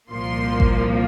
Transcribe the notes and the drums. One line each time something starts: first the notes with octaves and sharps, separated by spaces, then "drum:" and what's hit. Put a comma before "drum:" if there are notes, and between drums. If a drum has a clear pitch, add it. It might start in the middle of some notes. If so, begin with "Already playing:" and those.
C2 A#2 F3 A#3 C6
drum: kick G#1